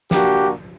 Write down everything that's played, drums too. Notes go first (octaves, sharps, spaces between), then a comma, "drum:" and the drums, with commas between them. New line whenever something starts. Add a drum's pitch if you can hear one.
A#3 D4 F#4 G4, drum: snare